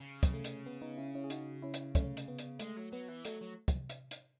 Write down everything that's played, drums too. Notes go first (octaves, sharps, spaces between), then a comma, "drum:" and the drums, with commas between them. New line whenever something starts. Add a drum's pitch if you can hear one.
C#3
drum: kick, hi-hat
A3
drum: hi-hat
B3
B3 D#4
C#4 E4
C#4 E4
G#4
D#4 F#4, drum: hi-hat
C#4 E4
drum: hi-hat
A3 C#4, drum: kick, hi-hat
drum: hi-hat
B3
drum: hi-hat
G#3 A3, drum: hi-hat
F#3
F#3 B3
E3
F#3 A3, drum: hi-hat
F#3
drum: kick, hi-hat
drum: hi-hat
drum: hi-hat